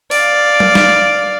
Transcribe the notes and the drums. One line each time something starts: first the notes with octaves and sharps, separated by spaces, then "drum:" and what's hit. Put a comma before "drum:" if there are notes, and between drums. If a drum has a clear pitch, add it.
D5 F5, drum: open hi-hat
drum: tom F#3
drum: snare